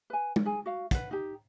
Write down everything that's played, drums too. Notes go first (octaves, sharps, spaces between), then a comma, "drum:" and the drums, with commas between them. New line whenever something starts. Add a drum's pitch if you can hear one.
B4 G#5
drum: tom
G#4 G#5
F#4 F5
B4 F#5, drum: kick, hi-hat
D#4 G4